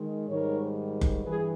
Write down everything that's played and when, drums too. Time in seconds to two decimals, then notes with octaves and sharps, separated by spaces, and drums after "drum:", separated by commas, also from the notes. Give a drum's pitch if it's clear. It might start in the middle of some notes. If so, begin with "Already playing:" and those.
Already playing: D#3 G#3
0.28 G#2 D#3 G3 A#4 C#5
1.01 drum: kick F#1
1.24 G2 E3 G3 G#4 B4